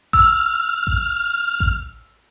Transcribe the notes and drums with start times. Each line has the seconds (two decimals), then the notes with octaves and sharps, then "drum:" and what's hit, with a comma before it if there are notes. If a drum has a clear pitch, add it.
0.13 E6 F6, drum: kick A1
0.87 drum: kick A1
1.60 drum: kick A1